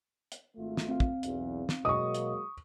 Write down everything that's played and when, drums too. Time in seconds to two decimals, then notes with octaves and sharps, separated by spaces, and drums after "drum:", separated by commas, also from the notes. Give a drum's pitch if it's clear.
0.32 drum: hi-hat
0.57 G#1 A3 F4
0.77 drum: snare
0.89 C4 F5
1.00 drum: kick
1.23 B1 E2, drum: hi-hat
1.69 drum: snare
1.85 B2 F#3 G#3 A#3 D#5 C#6 D#6
2.14 drum: hi-hat